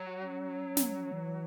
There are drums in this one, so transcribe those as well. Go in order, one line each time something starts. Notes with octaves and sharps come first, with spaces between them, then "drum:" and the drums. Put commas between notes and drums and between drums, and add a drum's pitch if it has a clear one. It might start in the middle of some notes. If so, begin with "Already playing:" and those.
Already playing: F#3
C#4
drum: snare
E3